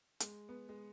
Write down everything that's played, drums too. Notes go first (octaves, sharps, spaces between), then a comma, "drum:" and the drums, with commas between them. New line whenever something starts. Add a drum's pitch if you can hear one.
G#3, drum: hi-hat
B3
G#3